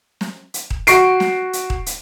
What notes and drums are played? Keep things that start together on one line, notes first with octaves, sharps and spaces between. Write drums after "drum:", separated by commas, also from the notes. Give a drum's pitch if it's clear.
drum: snare
drum: hi-hat
drum: kick D#1
F#4 C#6 C7 D7, drum: hi-hat
drum: snare
drum: hi-hat
drum: kick D#1
drum: hi-hat